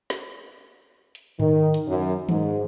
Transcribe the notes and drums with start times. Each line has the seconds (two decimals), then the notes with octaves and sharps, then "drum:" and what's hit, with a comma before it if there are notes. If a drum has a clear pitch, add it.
0.10 drum: snare
1.15 drum: hi-hat
1.40 D#3, drum: tom G#2
1.74 drum: hi-hat
1.88 F#2
2.29 G#2, drum: tom D#3